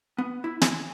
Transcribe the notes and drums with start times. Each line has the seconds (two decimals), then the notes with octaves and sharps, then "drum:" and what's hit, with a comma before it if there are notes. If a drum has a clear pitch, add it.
0.18 B3
0.44 E4
0.62 G#5, drum: snare